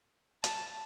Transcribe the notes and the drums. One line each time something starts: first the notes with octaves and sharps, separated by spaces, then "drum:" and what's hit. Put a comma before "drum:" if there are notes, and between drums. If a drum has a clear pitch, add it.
A5, drum: hi-hat